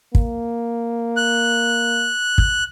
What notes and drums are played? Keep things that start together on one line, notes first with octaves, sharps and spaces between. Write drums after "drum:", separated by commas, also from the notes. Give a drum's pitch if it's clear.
A#3, drum: kick
F#6
drum: kick